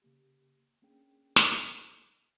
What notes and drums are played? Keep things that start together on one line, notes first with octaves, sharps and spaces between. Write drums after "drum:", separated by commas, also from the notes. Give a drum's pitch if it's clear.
C#3 A#3 G4
A#3 C#4 D4 G#4 G5
drum: snare